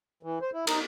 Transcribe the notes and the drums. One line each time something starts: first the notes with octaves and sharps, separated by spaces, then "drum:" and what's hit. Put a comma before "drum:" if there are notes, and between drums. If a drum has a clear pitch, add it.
E3
C5
E4
D#4, drum: cymbal